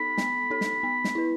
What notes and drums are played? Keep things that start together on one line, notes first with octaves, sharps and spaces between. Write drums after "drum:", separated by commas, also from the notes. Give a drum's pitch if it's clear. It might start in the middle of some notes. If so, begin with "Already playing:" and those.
Already playing: B3 D#4 A4 B5
B3, drum: snare
D#4 A4
drum: snare
B3
drum: snare
E4 B4